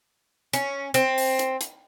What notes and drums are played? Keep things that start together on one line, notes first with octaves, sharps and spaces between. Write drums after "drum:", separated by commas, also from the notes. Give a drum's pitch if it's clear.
C#4, drum: hi-hat
C4, drum: hi-hat
drum: open hi-hat
drum: hi-hat
drum: hi-hat